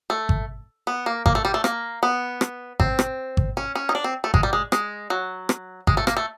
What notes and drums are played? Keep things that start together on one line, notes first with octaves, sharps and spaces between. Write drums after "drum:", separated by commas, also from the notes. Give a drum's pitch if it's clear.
A3
drum: kick G#1
B3
A#3
A#3, drum: kick G#1
A3
G3
A3
A#3, drum: rim click
B3
drum: rim click
C4, drum: kick G#1
drum: rim click
drum: kick G#1
C#4
C#4
D#4
D4
C4
A3
G#3, drum: kick G#1
G3
G#3
G#3, drum: rim click
F#3
drum: rim click
G#3, drum: kick G#1
A3
A#3, drum: rim click
A3